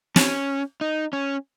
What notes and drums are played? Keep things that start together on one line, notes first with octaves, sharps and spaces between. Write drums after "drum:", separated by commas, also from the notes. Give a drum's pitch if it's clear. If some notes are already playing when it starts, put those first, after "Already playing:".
C#4, drum: snare
D#4
C#4